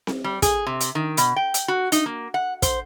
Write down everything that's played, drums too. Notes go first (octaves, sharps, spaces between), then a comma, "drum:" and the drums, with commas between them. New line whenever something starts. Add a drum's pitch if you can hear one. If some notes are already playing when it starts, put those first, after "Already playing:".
drum: snare C4
G3
G#4, drum: kick, hi-hat
C3
drum: hi-hat
D#3
B2, drum: hi-hat
G5
drum: hi-hat
F#4
D#4, drum: hi-hat
A#3
F#5
C5, drum: kick, hi-hat